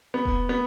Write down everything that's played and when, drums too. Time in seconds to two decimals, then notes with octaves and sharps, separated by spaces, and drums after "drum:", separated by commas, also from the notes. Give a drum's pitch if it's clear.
0.14 B3
0.25 drum: kick E1
0.49 B3